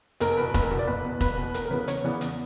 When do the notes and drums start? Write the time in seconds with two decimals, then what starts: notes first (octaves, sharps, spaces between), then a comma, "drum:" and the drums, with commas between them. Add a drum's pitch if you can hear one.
0.21 F#1 A#4, drum: hi-hat
0.37 E2 B2 B4
0.54 F#1 B4, drum: kick F1, hi-hat
0.62 A#4
0.71 E2 B2
0.79 D5
0.87 F#1 B4
1.05 E2 B2
1.21 F#1 B4, drum: kick F1, hi-hat
1.37 E2 B2
1.54 E2 A#4, drum: hi-hat
1.65 A#4
1.70 C#3 E3 B3 B4
1.88 E2 C#5, drum: hi-hat
2.04 C#3 E3 B3 D5
2.21 E2, drum: hi-hat